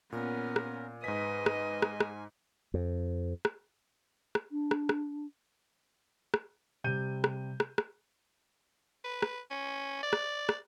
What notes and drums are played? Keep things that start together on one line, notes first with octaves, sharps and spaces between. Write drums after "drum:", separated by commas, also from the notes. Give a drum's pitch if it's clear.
A#2 B3 C#4 A#4
drum: rim click
G#2 B4 D#5 G#5 B6
drum: rim click
drum: rim click
drum: rim click
F2
drum: rim click
drum: rim click
D4
drum: rim click
drum: rim click
drum: rim click
C3 G3 G6 D#7
drum: rim click
drum: rim click
drum: rim click
B4
drum: rim click
C#4
D5
drum: rim click
drum: rim click